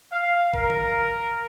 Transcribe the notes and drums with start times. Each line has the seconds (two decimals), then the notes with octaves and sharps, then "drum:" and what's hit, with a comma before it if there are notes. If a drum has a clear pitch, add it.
0.11 F5
0.54 A#4, drum: kick
0.70 drum: tom D3